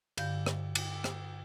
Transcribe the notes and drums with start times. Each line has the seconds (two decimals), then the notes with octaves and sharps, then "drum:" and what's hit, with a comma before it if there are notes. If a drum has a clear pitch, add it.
0.18 G2 D3 F5 G6, drum: cymbal
0.46 drum: rim click
0.75 drum: cymbal
1.04 drum: rim click